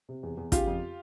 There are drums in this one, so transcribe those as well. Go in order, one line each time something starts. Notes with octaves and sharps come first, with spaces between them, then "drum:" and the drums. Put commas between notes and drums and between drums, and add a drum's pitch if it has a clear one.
C3
E2
E2
C#3 F4 G4, drum: kick, hi-hat
F2